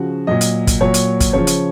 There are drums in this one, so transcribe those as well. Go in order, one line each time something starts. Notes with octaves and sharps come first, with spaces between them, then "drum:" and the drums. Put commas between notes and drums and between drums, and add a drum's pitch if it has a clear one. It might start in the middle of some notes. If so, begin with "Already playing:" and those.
Already playing: C#3 F3 F#4
A#2 F#3 D#5
drum: hi-hat
drum: kick, hi-hat
A#2 F#3 C#5
drum: hi-hat
drum: kick, hi-hat
C#3 F3 C#5
drum: hi-hat